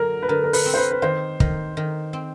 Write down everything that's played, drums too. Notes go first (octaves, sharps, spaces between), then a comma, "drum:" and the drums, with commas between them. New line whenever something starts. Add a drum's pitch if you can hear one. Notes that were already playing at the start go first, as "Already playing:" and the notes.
Already playing: D3 F#3 A#4
B4
D3 A#4
A#4
B4, drum: open hi-hat
C4
C5
B4
B4
D#3 C5
D#3, drum: kick
D#3
C4